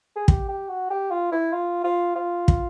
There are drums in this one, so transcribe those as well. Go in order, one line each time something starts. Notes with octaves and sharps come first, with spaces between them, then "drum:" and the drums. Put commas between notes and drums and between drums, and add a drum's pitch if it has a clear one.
G#4
G4, drum: kick
G4
F#4
G4
F4
E4
F4
F4
F4
drum: kick